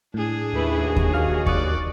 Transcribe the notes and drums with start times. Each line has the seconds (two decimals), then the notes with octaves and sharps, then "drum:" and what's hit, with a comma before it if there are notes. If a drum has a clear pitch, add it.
0.14 A2 D4 G#4
0.53 D#2 A3 E4 B4
0.82 F#4
0.96 drum: kick D#2
1.14 F5 G#5 F6
1.46 D5 C#6 D#6 F#6, drum: kick D#2